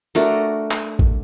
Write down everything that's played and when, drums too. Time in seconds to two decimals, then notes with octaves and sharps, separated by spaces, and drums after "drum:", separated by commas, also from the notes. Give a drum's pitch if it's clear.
0.15 A3 D4 F#4 A#4
0.71 drum: clap
0.99 drum: kick A1